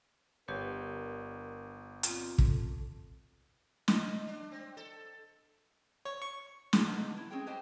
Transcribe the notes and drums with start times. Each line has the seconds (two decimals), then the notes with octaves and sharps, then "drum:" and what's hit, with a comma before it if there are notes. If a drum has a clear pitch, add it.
0.48 G1 D4 G4 A#4 B4 C#5
2.03 A#2 C4 F4, drum: hi-hat
2.38 A4, drum: kick
3.88 D#5, drum: snare
4.27 D4
4.52 C4
4.77 A4
6.05 C#5
6.22 C#6
6.73 F3 G3 G#3 G#4 C#5, drum: snare
6.87 D3 D#3 F#3 A3 B3 D#4
7.17 E4
7.31 C4 C#4 G#4 C#5 G5
7.47 G4 B4 C5 D#5 G5 G#5